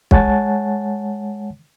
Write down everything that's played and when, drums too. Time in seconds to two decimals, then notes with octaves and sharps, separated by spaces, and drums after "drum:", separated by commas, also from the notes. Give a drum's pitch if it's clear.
0.11 G#3 C#5 F#5 G#5 A5 A6, drum: kick